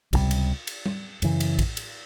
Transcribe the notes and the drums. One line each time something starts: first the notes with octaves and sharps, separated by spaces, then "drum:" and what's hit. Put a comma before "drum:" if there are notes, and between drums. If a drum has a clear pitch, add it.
C#2 C3 D#3 G3, drum: kick, cymbal
drum: cymbal
drum: cymbal
drum: tom G3
F#2 C#3 E3, drum: cymbal
drum: cymbal
drum: kick, cymbal
drum: cymbal